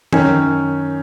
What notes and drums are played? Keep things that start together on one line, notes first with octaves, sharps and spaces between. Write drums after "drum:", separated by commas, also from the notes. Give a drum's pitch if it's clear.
F#2 D#3 C#4, drum: tom